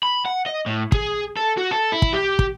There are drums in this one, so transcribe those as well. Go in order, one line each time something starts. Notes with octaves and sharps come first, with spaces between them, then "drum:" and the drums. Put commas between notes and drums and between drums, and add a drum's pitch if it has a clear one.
B5
F#5
D#5
A2
G#4, drum: kick
A4
F#4
A4
E4
drum: kick
G4
drum: kick